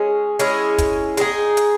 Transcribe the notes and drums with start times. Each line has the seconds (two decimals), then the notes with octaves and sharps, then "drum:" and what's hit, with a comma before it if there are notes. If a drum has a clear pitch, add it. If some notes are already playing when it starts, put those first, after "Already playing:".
Already playing: G#3 C#4 G#4
0.39 G#3 C#4 E4 G#4, drum: hi-hat
0.78 drum: kick, hi-hat
1.17 G#3 D#4 G#4, drum: hi-hat
1.57 drum: hi-hat